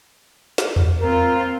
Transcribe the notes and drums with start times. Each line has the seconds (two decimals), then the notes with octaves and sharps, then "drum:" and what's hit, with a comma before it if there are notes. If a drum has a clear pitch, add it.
0.58 drum: snare
0.76 drum: tom E2
1.01 C4 F4 A#4